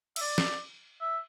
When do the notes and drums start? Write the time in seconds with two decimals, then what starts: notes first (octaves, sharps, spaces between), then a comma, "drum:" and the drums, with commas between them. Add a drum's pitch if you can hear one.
0.16 E5, drum: cymbal
0.21 D5
0.38 drum: snare
1.01 E5